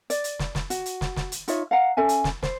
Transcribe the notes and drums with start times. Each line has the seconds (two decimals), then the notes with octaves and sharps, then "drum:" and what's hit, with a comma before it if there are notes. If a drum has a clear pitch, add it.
0.10 D5, drum: hi-hat
0.24 drum: hi-hat
0.39 drum: snare
0.55 drum: snare
0.70 F#4, drum: hi-hat
0.86 drum: hi-hat
1.01 drum: snare
1.16 drum: snare
1.32 drum: hi-hat
1.48 D#4 F4 C#5 E5, drum: hi-hat
1.71 F5 F#5 A#5
1.97 C#4 A4 E5 G#5
2.09 drum: hi-hat
2.24 drum: snare
2.43 C5, drum: snare